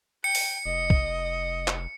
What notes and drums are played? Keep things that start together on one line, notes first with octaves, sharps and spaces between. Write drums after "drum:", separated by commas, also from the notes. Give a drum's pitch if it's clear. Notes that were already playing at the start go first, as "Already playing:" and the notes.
G5 C#7
drum: open hi-hat
F1 D#5
drum: kick
drum: clap